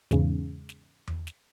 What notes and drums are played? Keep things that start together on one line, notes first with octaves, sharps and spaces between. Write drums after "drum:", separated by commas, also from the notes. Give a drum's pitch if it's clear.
E2 G#2 C#3, drum: snare
drum: snare
drum: tom E2
drum: snare